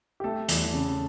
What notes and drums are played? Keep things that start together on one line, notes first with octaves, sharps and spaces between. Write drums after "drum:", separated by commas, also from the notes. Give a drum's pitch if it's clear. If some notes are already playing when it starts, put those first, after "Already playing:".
G4
A3 A4
E2, drum: hi-hat
C#3